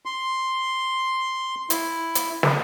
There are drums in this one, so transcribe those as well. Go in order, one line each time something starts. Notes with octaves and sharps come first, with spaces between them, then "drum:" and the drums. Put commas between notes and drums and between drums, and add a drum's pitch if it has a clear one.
C6
E4, drum: hi-hat
drum: hi-hat
drum: snare